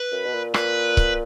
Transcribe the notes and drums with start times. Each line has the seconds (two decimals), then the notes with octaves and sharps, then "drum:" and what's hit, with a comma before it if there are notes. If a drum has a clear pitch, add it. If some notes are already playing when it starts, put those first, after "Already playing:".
Already playing: B4
0.12 F#2
0.25 B2
0.33 A#2
0.54 A#2 B4, drum: rim click
0.97 drum: kick C#1